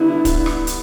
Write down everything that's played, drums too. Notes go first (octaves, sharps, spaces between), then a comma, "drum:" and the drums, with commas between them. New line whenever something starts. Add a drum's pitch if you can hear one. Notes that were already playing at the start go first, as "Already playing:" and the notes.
Already playing: D3 G3 B3 E4
drum: kick, hi-hat
drum: rim click
drum: hi-hat